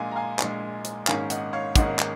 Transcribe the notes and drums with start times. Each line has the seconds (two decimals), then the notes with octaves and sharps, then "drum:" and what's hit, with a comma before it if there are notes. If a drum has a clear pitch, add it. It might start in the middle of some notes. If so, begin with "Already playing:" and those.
Already playing: A#1 A#2 G#3 F5 G#5
0.11 A#5
0.16 F5 G#5
0.39 A#1 A#2 G#3, drum: clap
0.85 drum: hi-hat
1.07 G#1 G#2 D#3 A#3 C#4 F5 G#5, drum: clap
1.30 D#5 F#5, drum: hi-hat
1.53 C#5 F5
1.76 G#1 G#2 D#3 A#3 C#4 D#5 F#5, drum: kick, hi-hat
1.99 drum: clap